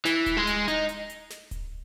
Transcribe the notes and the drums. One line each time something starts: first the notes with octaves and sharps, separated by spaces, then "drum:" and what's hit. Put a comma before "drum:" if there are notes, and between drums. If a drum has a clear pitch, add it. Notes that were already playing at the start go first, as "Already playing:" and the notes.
E3, drum: snare
drum: kick D1, hi-hat
G#3
drum: hi-hat
D#4, drum: hi-hat
drum: hi-hat
drum: hi-hat
drum: snare
drum: kick D1, hi-hat